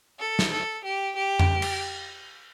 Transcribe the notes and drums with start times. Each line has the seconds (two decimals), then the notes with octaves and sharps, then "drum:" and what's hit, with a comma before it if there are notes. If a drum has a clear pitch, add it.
0.19 A4
0.39 drum: snare
0.51 A4
0.84 G4
1.16 G4
1.39 drum: tom F2
1.62 drum: cymbal